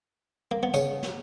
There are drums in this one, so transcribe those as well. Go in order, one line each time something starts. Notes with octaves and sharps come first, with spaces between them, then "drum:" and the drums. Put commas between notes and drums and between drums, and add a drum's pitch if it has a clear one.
A#3
B3
C#3 C#4, drum: tambourine
drum: snare